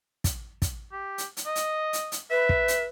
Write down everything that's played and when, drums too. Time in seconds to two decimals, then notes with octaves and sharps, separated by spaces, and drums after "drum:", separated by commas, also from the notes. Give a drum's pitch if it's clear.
0.24 drum: kick, hi-hat
0.62 drum: kick, hi-hat
0.92 G4
1.18 drum: hi-hat
1.37 drum: hi-hat
1.46 D#5
1.55 drum: hi-hat
1.93 drum: hi-hat
2.12 drum: hi-hat
2.30 B4 E5
2.49 drum: kick
2.68 drum: hi-hat